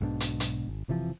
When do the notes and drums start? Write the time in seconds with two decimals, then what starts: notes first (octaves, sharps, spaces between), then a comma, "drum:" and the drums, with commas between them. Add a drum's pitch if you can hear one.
0.01 B1 G#2 B2 D4
0.20 drum: hi-hat
0.40 drum: hi-hat
0.68 G#1
0.88 F#1 C3 E3 F3